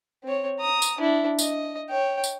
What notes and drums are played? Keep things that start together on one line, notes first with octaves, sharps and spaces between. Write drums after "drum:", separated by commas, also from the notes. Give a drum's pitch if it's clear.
C4 C#5
A#5 D#6
drum: tambourine
D4 E4
D#5, drum: tambourine
C#5 G5
drum: tambourine